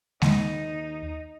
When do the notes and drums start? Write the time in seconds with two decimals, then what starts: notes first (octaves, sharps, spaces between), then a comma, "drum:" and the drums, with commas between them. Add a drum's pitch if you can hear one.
0.22 D#2 D#4, drum: snare G#3